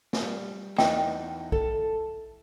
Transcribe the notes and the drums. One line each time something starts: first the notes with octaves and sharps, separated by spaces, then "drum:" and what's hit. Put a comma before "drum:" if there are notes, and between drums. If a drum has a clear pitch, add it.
drum: snare
G3
E2 D#4 D#5 G5, drum: snare
A4, drum: kick